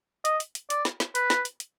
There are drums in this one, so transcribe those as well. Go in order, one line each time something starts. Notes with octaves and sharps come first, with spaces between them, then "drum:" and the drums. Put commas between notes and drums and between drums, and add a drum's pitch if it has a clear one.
D#5, drum: hi-hat
drum: hi-hat
drum: hi-hat
D5, drum: hi-hat
drum: snare
drum: snare
B4, drum: hi-hat
drum: snare
drum: hi-hat
drum: hi-hat